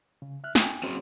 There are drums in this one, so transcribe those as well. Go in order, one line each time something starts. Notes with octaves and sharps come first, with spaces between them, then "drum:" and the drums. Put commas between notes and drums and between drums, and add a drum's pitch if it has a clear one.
C#3
E5 F6 F#6
G5 G#5, drum: snare
C4 C#4 F#4 G#4